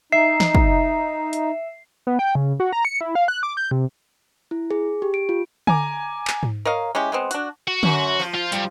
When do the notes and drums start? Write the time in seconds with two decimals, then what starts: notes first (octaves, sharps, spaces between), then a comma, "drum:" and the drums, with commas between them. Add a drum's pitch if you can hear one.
0.12 D#4 E5 C7
0.40 drum: snare
0.55 drum: kick
1.33 drum: hi-hat
2.07 B3
2.19 G5
2.35 C#3
2.60 F#4
2.73 A#5
2.85 C#7
3.01 E4
3.15 F5
3.28 F#6
3.43 D6
3.57 G6
3.71 C3
4.51 E4
4.71 G#4
5.02 G4
5.14 D7
5.29 F4
5.67 G#5 A#5 D6, drum: tom D3
6.27 drum: clap
6.43 drum: tom G#2
6.65 A#4 C#5 D#5 F5
6.95 G#3 C#4 E4 G4
7.12 G#3 B3 C4
7.31 D4 F#4, drum: hi-hat
7.68 F#4
7.83 F#2, drum: tom D3
8.19 F3
8.35 F4
8.52 G2, drum: hi-hat